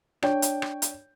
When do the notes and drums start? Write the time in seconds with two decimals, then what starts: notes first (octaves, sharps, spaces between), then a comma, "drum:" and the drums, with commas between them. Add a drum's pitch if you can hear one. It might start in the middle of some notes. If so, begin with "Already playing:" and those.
0.22 D4 C#5 G5, drum: rim click
0.42 drum: hi-hat
0.62 drum: rim click
0.82 drum: hi-hat